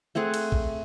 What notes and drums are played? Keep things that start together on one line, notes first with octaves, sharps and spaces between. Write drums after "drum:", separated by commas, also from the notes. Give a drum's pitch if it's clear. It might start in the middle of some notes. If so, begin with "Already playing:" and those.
A3 C4 G#4 F#5
drum: cymbal
drum: kick